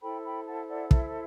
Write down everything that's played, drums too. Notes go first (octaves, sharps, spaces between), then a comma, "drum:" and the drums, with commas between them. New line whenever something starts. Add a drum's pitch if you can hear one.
E4 A4 C5 G5 B5
G5 B5
F#5 A5
D5 F#5
E5, drum: kick